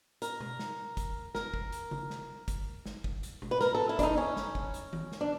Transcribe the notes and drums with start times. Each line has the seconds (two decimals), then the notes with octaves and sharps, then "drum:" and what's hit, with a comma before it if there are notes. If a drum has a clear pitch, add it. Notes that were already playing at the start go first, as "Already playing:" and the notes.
0.22 A#4, drum: hi-hat
0.41 drum: tom B2
0.59 drum: snare
0.97 drum: kick, hi-hat
1.35 A#4, drum: snare
1.54 drum: kick
1.72 drum: hi-hat
1.91 drum: tom C3
2.10 drum: snare
2.48 drum: kick, hi-hat
2.86 drum: snare
3.04 drum: kick
3.23 drum: hi-hat
3.42 drum: tom B2
3.51 B4
3.61 A#4, drum: snare
3.75 A4
3.89 E4
3.99 D4, drum: kick, hi-hat
4.03 D#4
4.18 C#4
4.36 drum: snare
4.55 drum: kick
4.74 drum: hi-hat
4.93 drum: tom D#3
5.12 drum: snare
5.21 D4